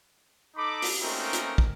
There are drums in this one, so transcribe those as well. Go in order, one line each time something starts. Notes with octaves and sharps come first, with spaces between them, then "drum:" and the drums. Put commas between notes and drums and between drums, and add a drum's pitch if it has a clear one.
D#4 A4 B5 D6
drum: open hi-hat
A3 A#3 C4 C#4 D#4 A#4
drum: hi-hat
drum: kick